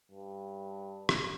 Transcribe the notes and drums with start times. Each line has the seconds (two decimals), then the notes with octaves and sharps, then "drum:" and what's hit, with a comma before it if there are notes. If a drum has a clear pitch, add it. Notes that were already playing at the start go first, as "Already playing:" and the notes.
0.11 G2
1.09 drum: rim click